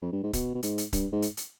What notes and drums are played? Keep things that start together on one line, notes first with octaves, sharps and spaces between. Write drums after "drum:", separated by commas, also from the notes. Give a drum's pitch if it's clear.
F2
G2
G#2
B2, drum: kick C#1, hi-hat
B2
G#2, drum: hi-hat
drum: hi-hat
G2, drum: kick C#1, hi-hat
G#2
drum: hi-hat
drum: hi-hat